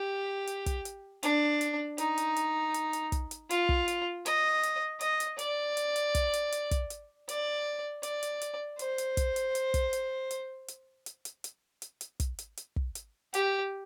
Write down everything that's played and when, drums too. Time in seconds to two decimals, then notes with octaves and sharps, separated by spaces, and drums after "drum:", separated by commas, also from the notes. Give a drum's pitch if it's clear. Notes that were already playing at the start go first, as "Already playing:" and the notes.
Already playing: G4
0.47 drum: hi-hat
0.66 drum: kick, hi-hat
0.85 drum: hi-hat
1.23 D4, drum: hi-hat
1.61 drum: hi-hat
1.98 D#4, drum: hi-hat
2.18 drum: hi-hat
2.36 drum: hi-hat
2.74 drum: hi-hat
2.93 drum: hi-hat
3.12 drum: kick, hi-hat
3.31 drum: hi-hat
3.51 F4, drum: hi-hat
3.69 drum: kick
3.88 drum: hi-hat
4.26 D#5, drum: hi-hat
4.63 drum: hi-hat
5.01 D#5, drum: hi-hat
5.20 drum: hi-hat
5.39 D5, drum: hi-hat
5.77 drum: hi-hat
5.96 drum: hi-hat
6.15 drum: kick, hi-hat
6.34 drum: hi-hat
6.52 drum: hi-hat
6.71 drum: kick, hi-hat
6.90 drum: hi-hat
7.29 D5, drum: hi-hat
8.03 D5, drum: hi-hat
8.23 drum: hi-hat
8.41 drum: hi-hat
8.79 C5, drum: hi-hat
8.98 drum: hi-hat
9.17 drum: kick, hi-hat
9.36 drum: hi-hat
9.55 drum: hi-hat
9.74 drum: kick, hi-hat
9.93 drum: hi-hat
10.31 drum: hi-hat
10.68 drum: hi-hat
11.06 drum: hi-hat
11.25 drum: hi-hat
11.44 drum: hi-hat
11.82 drum: hi-hat
12.01 drum: hi-hat
12.20 drum: kick, hi-hat
12.39 drum: hi-hat
12.57 drum: hi-hat
12.76 drum: kick
12.95 drum: hi-hat
13.34 G4, drum: hi-hat